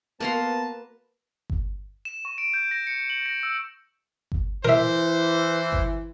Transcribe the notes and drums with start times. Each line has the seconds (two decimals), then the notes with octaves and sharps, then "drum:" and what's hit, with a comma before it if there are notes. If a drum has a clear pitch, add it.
0.20 A#3 B3 F#4 B4 F5 A5 A#5 C6
1.50 drum: kick G1
2.05 E7
2.25 C#6
2.38 D7
2.54 G6
2.71 A#6
2.87 C#7
3.10 F#7
3.26 A#6
3.43 E6
4.32 drum: kick G1
4.65 E3 A#4 C5 E5
5.73 drum: kick G1